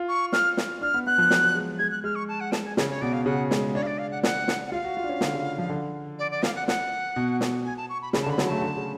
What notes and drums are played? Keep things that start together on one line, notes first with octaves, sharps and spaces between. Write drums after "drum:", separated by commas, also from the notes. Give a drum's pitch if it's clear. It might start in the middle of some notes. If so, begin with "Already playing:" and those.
Already playing: F4
C#6
F6, drum: snare
drum: snare
D4 F6
B3
B3 F#6
F3
F#3, drum: snare
G#3
G#3 G#6
F#6
G#3 F6
C#6
A5
F#5
A5, drum: snare
G#5
C#3 C#5, drum: snare
C#5
B2 D5
F5
C#3 F#5
G#3, drum: snare
D4 C#5
F5
D5
F5
F#5
F#5, drum: snare
drum: snare
F#5
F4 F5
F#4
F4
D4
C#4
D3, drum: snare
C#3
F3
D3
D5
D5
F5, drum: snare
F#5
F#5, drum: snare
B2
drum: snare
G#5
A5
C#6
B5
C#3 B5, drum: snare
A5
D3
B5
F#3, drum: snare
A3 A5
D3
C#3